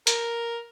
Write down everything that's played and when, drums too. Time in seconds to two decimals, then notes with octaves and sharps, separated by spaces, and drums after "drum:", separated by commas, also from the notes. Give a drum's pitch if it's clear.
0.07 A#4, drum: hi-hat